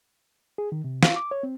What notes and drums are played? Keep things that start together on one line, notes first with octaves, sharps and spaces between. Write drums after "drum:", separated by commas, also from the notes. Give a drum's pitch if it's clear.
G#4
D#3
C3
F5, drum: snare
D6
C#5
C4